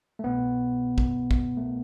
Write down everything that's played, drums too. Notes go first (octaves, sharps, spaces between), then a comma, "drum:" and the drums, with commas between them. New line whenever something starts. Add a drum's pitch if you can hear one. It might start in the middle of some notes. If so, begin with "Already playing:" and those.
A3
C2 B2 B3
drum: kick
drum: kick
A3